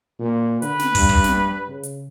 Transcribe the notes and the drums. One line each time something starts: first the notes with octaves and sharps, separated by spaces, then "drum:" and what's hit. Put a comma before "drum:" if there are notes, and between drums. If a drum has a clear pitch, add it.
A#2
D3 B4, drum: hi-hat
drum: snare
G2, drum: kick, open hi-hat
drum: kick
drum: snare
C#3
drum: hi-hat